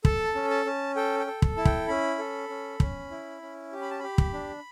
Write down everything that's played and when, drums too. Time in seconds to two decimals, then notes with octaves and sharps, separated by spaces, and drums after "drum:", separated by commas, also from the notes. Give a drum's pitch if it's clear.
0.05 A4 A5, drum: kick
0.35 C#4
0.50 A5
0.66 C#4
0.96 A4 G5
1.19 G5
1.27 A4
1.42 drum: kick
1.57 E4 A5
1.65 G5, drum: kick
1.88 C#4 B5
2.19 A4
2.49 C#4
2.80 C#4, drum: kick
3.11 E4
3.42 C#4
3.72 G4
3.81 B5
3.91 A5
3.99 G4 B5
4.18 drum: kick
4.33 D4